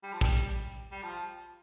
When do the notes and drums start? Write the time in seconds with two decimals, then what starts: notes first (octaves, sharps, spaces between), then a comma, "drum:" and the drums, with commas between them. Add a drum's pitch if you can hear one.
0.03 G3
0.13 F3
0.21 G3, drum: kick
0.92 G3
1.03 F3